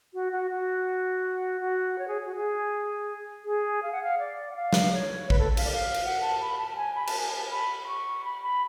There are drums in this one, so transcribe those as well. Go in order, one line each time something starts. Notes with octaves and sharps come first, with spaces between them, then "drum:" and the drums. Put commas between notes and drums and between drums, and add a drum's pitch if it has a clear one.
F#4
F#4
F#4
F#4
C#5
G#4
F#4
G#4
G#4
F5
F#5
F5
D5
F#5
F5
drum: snare
C#5
B4, drum: kick
A4
F5, drum: cymbal
D5
F5
drum: cymbal
F#5
A5
B5
A5
A5
G#5
B5
A5, drum: cymbal
G#5
A5
B5
C#6
B5
B5